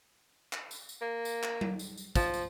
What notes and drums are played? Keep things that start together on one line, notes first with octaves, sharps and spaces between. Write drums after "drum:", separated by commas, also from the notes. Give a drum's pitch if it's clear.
drum: clap
drum: tambourine
drum: tambourine
A#3
drum: tambourine
drum: clap
drum: tom F#3
drum: tambourine
drum: tambourine
F3, drum: kick, tambourine
drum: tambourine